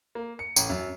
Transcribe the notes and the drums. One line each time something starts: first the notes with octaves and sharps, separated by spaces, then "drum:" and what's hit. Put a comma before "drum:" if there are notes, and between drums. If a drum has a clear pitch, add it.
A#3
C#7
A1, drum: tambourine
F#2